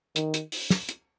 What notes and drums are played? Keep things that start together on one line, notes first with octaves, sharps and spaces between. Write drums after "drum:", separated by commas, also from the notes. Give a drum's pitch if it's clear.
D#3, drum: hi-hat
drum: hi-hat
drum: open hi-hat
drum: snare
drum: hi-hat